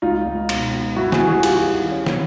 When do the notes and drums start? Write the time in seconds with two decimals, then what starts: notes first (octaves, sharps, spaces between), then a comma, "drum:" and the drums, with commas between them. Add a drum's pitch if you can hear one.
0.02 C#2 D#4 F4
0.26 C#2
0.49 B2, drum: cymbal
0.73 B3
0.96 G2 E4 F#4
1.12 F#4 G#4, drum: snare
1.20 G2
1.28 F#4 G#4
1.43 D#3 F4 G4, drum: cymbal
1.67 D#3
1.91 C#4
2.06 drum: snare